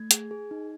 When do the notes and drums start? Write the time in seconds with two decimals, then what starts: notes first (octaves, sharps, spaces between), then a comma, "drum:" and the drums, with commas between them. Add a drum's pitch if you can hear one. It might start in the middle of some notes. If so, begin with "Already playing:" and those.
Already playing: A3 G#6
0.11 G#4, drum: hi-hat
0.31 G#4
0.51 D#4